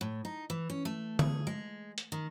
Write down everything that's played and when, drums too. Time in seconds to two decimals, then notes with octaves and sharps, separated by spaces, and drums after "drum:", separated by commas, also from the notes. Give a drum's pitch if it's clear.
0.01 A2
0.25 D#4
0.50 E3
0.70 C#4
0.85 A3
1.19 G#4, drum: tom D3
1.47 G#3
1.98 drum: hi-hat
2.12 D#3